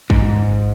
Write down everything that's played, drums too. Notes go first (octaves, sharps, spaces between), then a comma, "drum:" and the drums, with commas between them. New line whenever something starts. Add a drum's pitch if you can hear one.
G#2, drum: kick A1